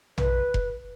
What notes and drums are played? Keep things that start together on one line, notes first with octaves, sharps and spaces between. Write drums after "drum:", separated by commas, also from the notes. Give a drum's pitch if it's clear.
B4, drum: tom A#1
drum: kick F1